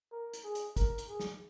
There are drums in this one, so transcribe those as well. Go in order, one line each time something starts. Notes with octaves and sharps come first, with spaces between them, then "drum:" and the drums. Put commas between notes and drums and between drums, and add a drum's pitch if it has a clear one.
A#4
drum: hi-hat
G#4
drum: hi-hat
A#4, drum: kick, hi-hat
drum: hi-hat
G#4
drum: snare